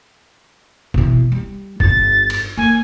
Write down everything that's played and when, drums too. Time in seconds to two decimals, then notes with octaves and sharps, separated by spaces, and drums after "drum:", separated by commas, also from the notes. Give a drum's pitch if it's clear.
0.94 B2 E3, drum: kick
1.32 G3
1.80 G1 F4 A6, drum: kick
2.30 drum: cymbal
2.57 A#3 G#5